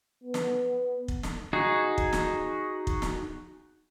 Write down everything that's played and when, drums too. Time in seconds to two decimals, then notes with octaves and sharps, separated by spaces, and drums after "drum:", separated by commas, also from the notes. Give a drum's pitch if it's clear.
0.24 B3
0.34 drum: snare
1.08 drum: kick
1.23 drum: snare
1.53 D#4 F#4 G#4
1.98 drum: kick
2.13 drum: snare
2.87 drum: kick
3.02 drum: snare